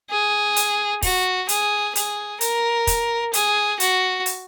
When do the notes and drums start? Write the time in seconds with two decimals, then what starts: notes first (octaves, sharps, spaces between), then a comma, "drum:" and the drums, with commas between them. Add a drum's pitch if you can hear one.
0.10 G#4
0.56 drum: hi-hat
1.03 F#4, drum: kick, open hi-hat
1.49 G#4, drum: hi-hat
1.95 G#4, drum: hi-hat
2.41 A#4, drum: hi-hat
2.87 drum: kick, hi-hat
3.33 G#4, drum: hi-hat
3.80 F#4, drum: hi-hat
4.26 drum: hi-hat